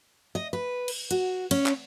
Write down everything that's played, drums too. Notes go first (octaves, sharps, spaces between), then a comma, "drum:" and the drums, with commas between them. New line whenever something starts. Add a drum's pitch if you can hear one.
D#5
B4
drum: cymbal
F#4, drum: hi-hat
C#4, drum: cymbal
drum: clap